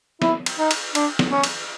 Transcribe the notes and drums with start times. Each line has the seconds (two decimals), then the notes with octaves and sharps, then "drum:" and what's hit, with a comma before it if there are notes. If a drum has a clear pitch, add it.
0.22 E4, drum: snare
0.46 drum: cymbal
0.59 D#4
0.71 drum: cymbal
0.95 D4, drum: cymbal
1.19 drum: snare
1.31 C#4
1.44 drum: cymbal